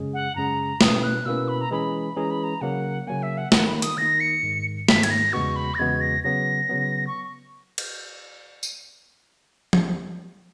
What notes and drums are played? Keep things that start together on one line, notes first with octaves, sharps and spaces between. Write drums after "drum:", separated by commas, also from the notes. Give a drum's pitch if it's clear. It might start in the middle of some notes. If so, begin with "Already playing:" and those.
Already playing: F#2 C#3 G#3 C#4 G#4
F#5
F#2 C#3 G#3 C#4 G#4 A#5
B2 A#3 C#4 E4 B4 D#6, drum: snare
F#6
B2 A#3 C#4 E4 B4 E6
B5
A#5
E3 G#3 C#4 G#4 B5
E3 G#3 C#4 G#4 A#5
B5
A#5
C#3 F#3 A#3 F#5
C#3 F#3 A#3 G#5
E5
F#5
D#3 A#3 D#4 F#5, drum: snare
B5
D#6, drum: hi-hat
D#3 A#3 D#4 A#6
C#7
G#2 D#3 G#3
G#2 D#3 G#3 B6, drum: snare
G#6, drum: cymbal
A#6
E2 C#3 G#3 B3 F#4 C#6
B5
A#6
E2 C#3 G#3 B3 F#4 G#6
A#6
C#3 F#3 B3 A#6
C#3 F#3 B3
C#6
drum: cymbal
drum: tambourine
drum: tom F3